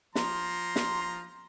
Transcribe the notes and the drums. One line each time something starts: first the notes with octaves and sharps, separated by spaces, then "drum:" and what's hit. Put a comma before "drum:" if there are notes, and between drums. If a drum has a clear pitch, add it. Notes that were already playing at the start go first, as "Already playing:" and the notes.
F3 A#5 C6, drum: snare
drum: snare